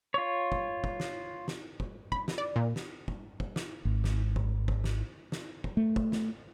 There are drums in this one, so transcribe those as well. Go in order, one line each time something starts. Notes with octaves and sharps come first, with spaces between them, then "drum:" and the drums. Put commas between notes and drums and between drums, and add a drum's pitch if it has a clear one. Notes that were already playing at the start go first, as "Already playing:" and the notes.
F4 C#5
drum: kick
drum: kick
drum: snare
drum: snare
drum: kick
B5, drum: kick
drum: snare
D5
A#2
drum: snare
drum: kick
drum: kick
drum: snare
G#1
drum: snare
drum: kick
drum: kick
drum: snare
drum: snare
drum: kick
A3
drum: kick
drum: snare